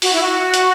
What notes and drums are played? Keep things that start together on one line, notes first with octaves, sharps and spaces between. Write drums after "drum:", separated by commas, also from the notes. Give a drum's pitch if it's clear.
F#4, drum: open hi-hat
E4
F#4
drum: hi-hat